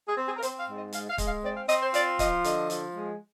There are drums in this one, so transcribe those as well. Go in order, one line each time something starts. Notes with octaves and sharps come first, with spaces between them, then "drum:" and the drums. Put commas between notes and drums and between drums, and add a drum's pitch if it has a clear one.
G#4
C4
G#4
A#4
C4 C5, drum: hi-hat
F5
G#2
D#5
G#3 F5, drum: hi-hat
F5
G#3, drum: kick, hi-hat
F5
C4 D5
F5
C4 D#5, drum: hi-hat
C5
F4 D5, drum: hi-hat
F3 D#5, drum: kick, hi-hat
D3 D#5, drum: hi-hat
F3, drum: hi-hat
G#3